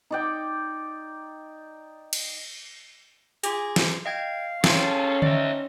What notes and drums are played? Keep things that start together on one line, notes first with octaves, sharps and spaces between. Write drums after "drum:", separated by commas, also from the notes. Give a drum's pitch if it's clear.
D#4 D5 G5
drum: cymbal
F4 G#4 D6 A#6, drum: hi-hat
drum: snare
D#5 F5 G5 G#6
C#4 G#4 A4 G5 A5 C6, drum: snare
D#4 D5 E5, drum: tom D3